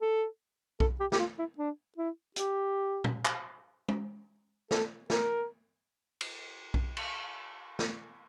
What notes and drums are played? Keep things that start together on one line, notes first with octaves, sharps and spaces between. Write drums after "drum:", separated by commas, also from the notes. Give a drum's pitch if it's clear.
A4
A4, drum: kick B1
G4
G4, drum: snare
F4
E4
D4
E4
G4, drum: hi-hat
drum: tom
drum: clap
drum: tom
A4, drum: snare
A#4, drum: snare
drum: cymbal
drum: kick B1
drum: cymbal
drum: snare